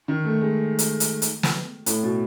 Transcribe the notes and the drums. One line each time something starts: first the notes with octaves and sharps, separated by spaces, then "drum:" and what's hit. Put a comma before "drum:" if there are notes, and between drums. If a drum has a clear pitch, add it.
D#3
A3
G#3
drum: hi-hat
drum: hi-hat
drum: hi-hat
drum: snare
A2, drum: hi-hat
B2